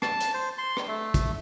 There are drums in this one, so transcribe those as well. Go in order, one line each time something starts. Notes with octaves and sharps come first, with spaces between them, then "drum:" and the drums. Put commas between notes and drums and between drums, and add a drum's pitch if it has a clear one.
A5, drum: rim click
drum: hi-hat
C5
C6
drum: rim click
A3
drum: kick, hi-hat